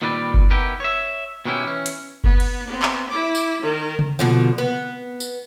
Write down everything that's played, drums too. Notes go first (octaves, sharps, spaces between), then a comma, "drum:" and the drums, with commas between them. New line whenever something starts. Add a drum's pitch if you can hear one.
A#2 D#3 G3 C4 B4 D5
drum: kick F#1
B3 D#4 E4 G4 A#4 B4
C#5 E5
B2 D#3 G#3 C#4 E4 G4
E3 C#4
drum: hi-hat
B3, drum: kick F#1
drum: cymbal
B3 C4
drum: clap
E4 D6
drum: tambourine
D#3 A#4
drum: tom C#3
B2 D3 F3
B3
drum: tambourine